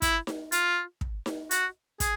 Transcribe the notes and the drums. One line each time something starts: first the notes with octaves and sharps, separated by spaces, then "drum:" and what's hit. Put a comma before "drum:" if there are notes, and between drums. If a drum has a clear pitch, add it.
E4, drum: kick, hi-hat
drum: snare D#4
F4, drum: hi-hat
drum: kick
drum: snare D#4
F#4, drum: hi-hat
G#4, drum: kick, hi-hat